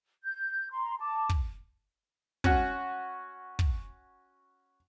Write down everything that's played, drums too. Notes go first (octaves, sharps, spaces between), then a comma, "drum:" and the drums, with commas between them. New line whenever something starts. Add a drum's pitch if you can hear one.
G6
A#5 C6
A5 D6
drum: kick
C#4 F#4, drum: kick
drum: kick